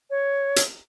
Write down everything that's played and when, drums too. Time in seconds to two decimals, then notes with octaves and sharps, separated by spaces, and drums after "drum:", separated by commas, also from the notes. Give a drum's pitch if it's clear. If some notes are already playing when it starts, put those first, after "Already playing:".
0.10 C#5
0.56 drum: hi-hat